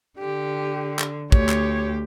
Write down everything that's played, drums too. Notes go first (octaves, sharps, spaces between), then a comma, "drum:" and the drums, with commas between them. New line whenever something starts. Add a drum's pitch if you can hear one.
D3 G4
drum: clap
D2 G4 C#5, drum: kick
drum: clap